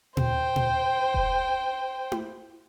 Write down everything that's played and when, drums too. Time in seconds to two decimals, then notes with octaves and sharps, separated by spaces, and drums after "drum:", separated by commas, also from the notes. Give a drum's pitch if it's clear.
0.17 C5 G5, drum: tom
0.56 drum: tom
1.14 drum: kick E1
2.12 drum: tom E4